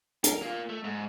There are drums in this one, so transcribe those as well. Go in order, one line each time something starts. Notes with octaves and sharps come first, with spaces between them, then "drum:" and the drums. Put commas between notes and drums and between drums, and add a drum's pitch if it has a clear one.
A#4, drum: hi-hat
A#3 F4
A3
G#2